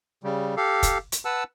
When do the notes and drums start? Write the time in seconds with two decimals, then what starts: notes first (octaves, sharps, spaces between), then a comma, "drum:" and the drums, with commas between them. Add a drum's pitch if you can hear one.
0.24 C#3 G3
0.57 G4 A4 F5
0.83 drum: kick, hi-hat
1.12 drum: hi-hat
1.25 B4 F#5 A5 E6